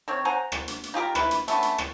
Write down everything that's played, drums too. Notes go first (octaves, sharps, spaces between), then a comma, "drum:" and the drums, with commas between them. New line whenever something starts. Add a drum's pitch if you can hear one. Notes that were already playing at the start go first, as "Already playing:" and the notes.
D#3 C4 C#5
C5 F#5 G#5 A#5
drum: rim click
drum: hi-hat
drum: hi-hat
D#4 F4 G4 A#4
E4 B4, drum: rim click
drum: hi-hat
A3 B3 C#4, drum: hi-hat
drum: hi-hat
drum: rim click